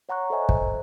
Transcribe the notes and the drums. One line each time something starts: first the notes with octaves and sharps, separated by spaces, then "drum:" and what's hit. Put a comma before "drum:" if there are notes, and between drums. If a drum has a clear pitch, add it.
C#5 F#5 A#5 C#6 F#6
A4 C5 D#5 E5 G#5 A#5
C5, drum: kick